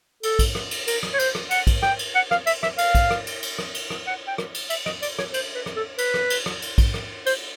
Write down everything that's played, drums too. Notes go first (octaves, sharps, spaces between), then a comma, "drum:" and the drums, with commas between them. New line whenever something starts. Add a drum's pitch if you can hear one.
A4, drum: cymbal
drum: kick, cymbal
drum: rim click
drum: cymbal
A#4, drum: cymbal
drum: rim click
C#5
C5, drum: cymbal
drum: rim click
F#5, drum: cymbal
drum: kick, cymbal
G5, drum: rim click
drum: cymbal
F#5
F5, drum: rim click
E5, drum: cymbal
E5, drum: rim click
F5, drum: cymbal
drum: kick, cymbal
drum: rim click
drum: cymbal
drum: cymbal
drum: rim click
drum: cymbal
drum: rim click
F#5
G5
drum: rim click
drum: cymbal
E5, drum: cymbal
D#5, drum: rim click
D5, drum: cymbal
C#5, drum: rim click
C5, drum: cymbal
B4
drum: rim click
A4
B4, drum: cymbal
drum: rim click
drum: cymbal
drum: rim click
drum: cymbal
drum: kick, cymbal
drum: rim click
C5, drum: cymbal